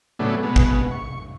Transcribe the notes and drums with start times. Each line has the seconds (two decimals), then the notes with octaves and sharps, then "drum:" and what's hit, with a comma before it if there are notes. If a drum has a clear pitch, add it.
0.19 A2 C#3 F#3 A3 B3 D4
0.43 B2 G#3 B3
0.56 drum: kick
0.91 C#6